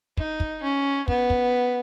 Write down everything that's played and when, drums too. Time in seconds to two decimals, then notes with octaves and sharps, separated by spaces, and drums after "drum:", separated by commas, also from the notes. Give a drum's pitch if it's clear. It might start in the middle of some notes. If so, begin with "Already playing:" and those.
0.17 D#4, drum: kick
0.40 drum: kick
0.63 C#4
1.08 B3, drum: kick
1.30 drum: kick